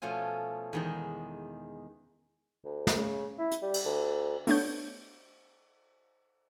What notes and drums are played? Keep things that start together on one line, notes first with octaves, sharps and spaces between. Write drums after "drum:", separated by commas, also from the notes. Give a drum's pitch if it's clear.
B2 F3 A3 C#4 F4 G#5
E2 D#3 G#3
D2
drum: snare
C#3
E4
drum: hi-hat
G3
drum: cymbal
D2
A3 B3 D4 C#5 G6, drum: open hi-hat